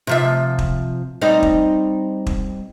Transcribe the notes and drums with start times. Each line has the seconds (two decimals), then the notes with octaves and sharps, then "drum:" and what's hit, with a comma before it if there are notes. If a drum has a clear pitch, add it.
0.07 C3 F3 E5
0.59 drum: kick
1.22 G3 C4 D#4
1.43 drum: kick
2.27 drum: kick